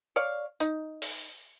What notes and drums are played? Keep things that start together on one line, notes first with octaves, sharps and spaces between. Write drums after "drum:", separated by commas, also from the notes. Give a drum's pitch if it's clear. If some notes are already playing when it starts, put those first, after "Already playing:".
C#5 D5 F5
D#4, drum: tambourine
drum: open hi-hat